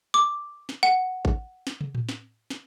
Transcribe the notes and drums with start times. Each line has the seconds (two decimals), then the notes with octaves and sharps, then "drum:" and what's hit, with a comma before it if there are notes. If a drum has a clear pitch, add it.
0.14 D6
0.69 drum: snare
0.83 F#5
1.25 drum: kick A1
1.67 drum: snare
1.81 drum: tom
1.95 drum: tom A2
2.09 drum: snare
2.50 drum: snare